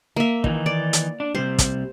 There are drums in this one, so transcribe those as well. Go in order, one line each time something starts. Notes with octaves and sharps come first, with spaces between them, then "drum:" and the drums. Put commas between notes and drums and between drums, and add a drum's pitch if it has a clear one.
A#3 E5
D#3 E3 D#4, drum: kick
D5
drum: hi-hat
D4
C3 G3 C5
drum: kick, hi-hat